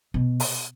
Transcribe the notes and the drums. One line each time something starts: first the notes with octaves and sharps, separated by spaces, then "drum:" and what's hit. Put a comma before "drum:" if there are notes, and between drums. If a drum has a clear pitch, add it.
B2
drum: open hi-hat